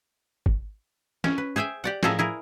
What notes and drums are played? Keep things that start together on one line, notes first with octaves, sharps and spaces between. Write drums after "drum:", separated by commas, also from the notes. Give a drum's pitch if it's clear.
drum: kick G#1
C#4, drum: snare
B4
G#4 C5 E5 G5 G#5
G4 D5 F#5
A2 F3 G#4 A4 E5 A#5, drum: snare
E4 G#4 A#4